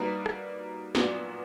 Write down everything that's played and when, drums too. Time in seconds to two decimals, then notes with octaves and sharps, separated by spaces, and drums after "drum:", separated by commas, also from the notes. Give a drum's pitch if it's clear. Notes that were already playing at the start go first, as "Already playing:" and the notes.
Already playing: G3 A#3 D#4 F#4 B4
0.26 drum: rim click
0.95 A#2 F#3 B3 D4 F#4, drum: snare